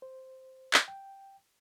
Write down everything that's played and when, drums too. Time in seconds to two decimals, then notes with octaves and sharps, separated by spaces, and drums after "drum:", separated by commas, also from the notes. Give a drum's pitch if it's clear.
0.02 C5
0.74 drum: clap
0.88 G5